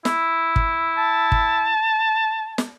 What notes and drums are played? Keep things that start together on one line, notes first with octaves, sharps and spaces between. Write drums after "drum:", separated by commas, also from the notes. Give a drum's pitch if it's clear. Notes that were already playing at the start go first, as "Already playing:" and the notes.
E4, drum: snare
drum: kick
A5
drum: kick
drum: snare